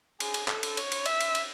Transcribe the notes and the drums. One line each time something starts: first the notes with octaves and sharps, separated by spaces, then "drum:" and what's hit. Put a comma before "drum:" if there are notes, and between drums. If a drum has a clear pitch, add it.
G#4, drum: cymbal
drum: cymbal
A4, drum: clap
drum: cymbal
C#5, drum: cymbal
drum: cymbal
E5, drum: cymbal
drum: cymbal
drum: cymbal